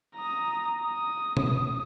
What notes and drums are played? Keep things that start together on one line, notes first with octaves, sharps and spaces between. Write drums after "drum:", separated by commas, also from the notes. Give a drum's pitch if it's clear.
A#5 D#6
D#6
drum: tom B2